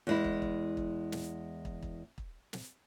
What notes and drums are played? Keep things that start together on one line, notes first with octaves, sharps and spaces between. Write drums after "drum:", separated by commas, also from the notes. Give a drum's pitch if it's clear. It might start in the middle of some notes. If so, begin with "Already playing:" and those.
E2 G#3 E4
drum: kick
drum: kick
drum: kick
drum: snare
drum: kick
drum: kick
drum: kick
drum: snare